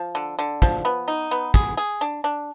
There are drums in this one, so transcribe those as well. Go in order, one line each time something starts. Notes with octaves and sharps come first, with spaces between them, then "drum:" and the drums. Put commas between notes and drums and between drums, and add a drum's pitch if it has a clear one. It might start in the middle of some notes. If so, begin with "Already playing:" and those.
Already playing: F3
D3
D3
F3, drum: kick, hi-hat
B3
D#4
B3
G#4, drum: kick, hi-hat
G#4
D4
D4